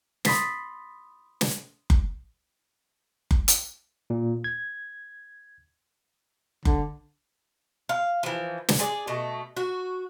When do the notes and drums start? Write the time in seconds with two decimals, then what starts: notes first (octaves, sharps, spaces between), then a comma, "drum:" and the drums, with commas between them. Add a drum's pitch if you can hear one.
0.25 B5 C6 D#6 A6 B6 C7, drum: snare
1.41 drum: snare
1.90 drum: kick F#1
3.31 drum: kick F#1
3.48 drum: hi-hat
4.10 A#2
4.44 G#6
6.65 D3, drum: kick F#1
7.89 F5
8.23 E3 F3
8.69 drum: snare
8.80 G#4 D5
9.07 B2 A3
9.57 F#4